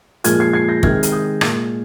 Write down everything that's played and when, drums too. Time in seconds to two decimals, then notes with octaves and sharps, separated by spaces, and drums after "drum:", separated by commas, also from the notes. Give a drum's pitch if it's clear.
0.24 A#2 F3 G#3 F6 G#6, drum: hi-hat
0.40 G#6 C7
0.53 G#6 C7
0.68 G6 A#6
0.83 C3 D#3 G#3 F6 G#6, drum: kick
1.03 drum: hi-hat
1.12 D#6 G6
1.41 A#2 G#3, drum: rim click